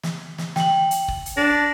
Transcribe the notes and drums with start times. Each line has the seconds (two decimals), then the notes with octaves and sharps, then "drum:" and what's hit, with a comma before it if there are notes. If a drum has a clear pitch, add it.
0.03 drum: snare
0.38 drum: snare
0.56 G5 F#7, drum: snare
0.91 drum: hi-hat
1.08 drum: kick
1.26 drum: hi-hat
1.37 D4 A6 A#6